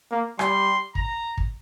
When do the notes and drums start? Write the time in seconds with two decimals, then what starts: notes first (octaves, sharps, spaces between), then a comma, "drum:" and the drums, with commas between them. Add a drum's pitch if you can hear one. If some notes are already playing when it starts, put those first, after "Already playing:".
0.11 A#3
0.39 G3 C6, drum: rim click
0.95 A#5, drum: kick
1.37 drum: kick